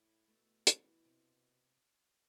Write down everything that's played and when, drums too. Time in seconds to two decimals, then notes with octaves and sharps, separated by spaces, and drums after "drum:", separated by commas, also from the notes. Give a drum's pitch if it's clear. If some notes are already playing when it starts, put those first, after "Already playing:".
Already playing: A2 E4
0.28 B2 A3
0.67 E3, drum: hi-hat
1.05 C3